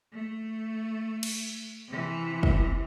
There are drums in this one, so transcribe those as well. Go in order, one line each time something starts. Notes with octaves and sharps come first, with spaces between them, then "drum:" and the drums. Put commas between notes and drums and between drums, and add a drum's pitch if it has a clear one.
A3
drum: cymbal
C3 E3
drum: kick